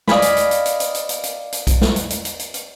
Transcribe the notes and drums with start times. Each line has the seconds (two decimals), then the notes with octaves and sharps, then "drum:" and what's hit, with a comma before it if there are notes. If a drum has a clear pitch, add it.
0.08 D5 D#5 F5 G#5 B5, drum: snare
0.22 drum: hi-hat
0.37 drum: hi-hat
0.51 drum: hi-hat
0.66 drum: hi-hat
0.80 drum: hi-hat
0.94 drum: hi-hat
1.09 drum: hi-hat
1.23 drum: hi-hat
1.52 drum: hi-hat
1.67 drum: kick B1, hi-hat
1.81 drum: snare
1.96 drum: hi-hat
2.10 drum: hi-hat
2.25 drum: hi-hat
2.39 drum: hi-hat
2.54 drum: hi-hat